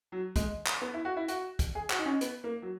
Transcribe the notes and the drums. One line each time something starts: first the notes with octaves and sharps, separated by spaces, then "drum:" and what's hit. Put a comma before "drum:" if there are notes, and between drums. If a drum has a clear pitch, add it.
F#3
G#3, drum: kick, hi-hat
drum: clap
B3
E4
F#4
E4
F#4, drum: hi-hat
drum: kick, hi-hat
G#4
F#4, drum: clap
D#4
C#4
B3, drum: hi-hat
A#3
F#3